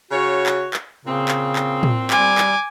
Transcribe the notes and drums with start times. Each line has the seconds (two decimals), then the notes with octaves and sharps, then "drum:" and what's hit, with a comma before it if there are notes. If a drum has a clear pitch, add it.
0.11 C#3 F#4 C#5
0.46 drum: clap
0.74 drum: clap
1.05 A#2 C#3 C4
1.28 drum: clap
1.56 drum: clap
1.83 drum: tom
2.10 G3 G#5 D6, drum: clap
2.38 drum: clap